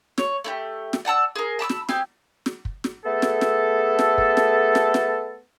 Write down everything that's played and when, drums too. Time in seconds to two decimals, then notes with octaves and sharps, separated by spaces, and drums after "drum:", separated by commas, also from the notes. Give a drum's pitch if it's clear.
0.18 C#5, drum: snare
0.44 A3 E4 G4
0.93 drum: snare
1.05 D5 F#5 A5 E6
1.36 G#4 A#4
1.59 A5 B5 D6 E6
1.69 drum: snare
1.89 C4 G4 D#5 G#5, drum: snare
2.46 drum: snare
2.65 drum: kick
2.84 drum: snare
3.04 A3 B3 G#4 A4
3.22 drum: snare
3.41 drum: snare
3.99 drum: snare
4.18 drum: kick
4.37 drum: snare
4.75 drum: snare
4.94 drum: snare